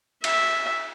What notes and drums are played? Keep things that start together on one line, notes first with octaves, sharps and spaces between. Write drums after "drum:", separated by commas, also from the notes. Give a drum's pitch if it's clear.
E5, drum: cymbal